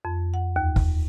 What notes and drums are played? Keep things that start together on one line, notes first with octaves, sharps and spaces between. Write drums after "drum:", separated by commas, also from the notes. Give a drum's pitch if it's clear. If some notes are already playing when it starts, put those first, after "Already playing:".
F2
F#5
D#2
drum: kick